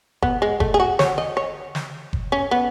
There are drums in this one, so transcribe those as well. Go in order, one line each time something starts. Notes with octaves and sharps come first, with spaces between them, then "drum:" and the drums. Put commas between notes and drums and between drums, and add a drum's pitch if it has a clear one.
B3, drum: kick F#1
G#3
A3, drum: kick F#1
G#4
F#4
C#5, drum: snare
D#5
C#5
drum: snare
drum: kick F#1
C#4
B3